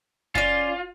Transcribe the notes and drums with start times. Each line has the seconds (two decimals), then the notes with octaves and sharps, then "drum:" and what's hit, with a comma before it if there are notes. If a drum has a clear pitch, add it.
0.35 C#4 F4 D5, drum: kick F#1